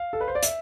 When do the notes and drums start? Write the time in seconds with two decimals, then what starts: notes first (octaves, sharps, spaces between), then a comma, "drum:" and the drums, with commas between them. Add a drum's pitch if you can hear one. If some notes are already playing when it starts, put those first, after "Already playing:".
Already playing: F5
0.13 A4
0.21 B4
0.28 C5
0.35 D5
0.43 E5, drum: hi-hat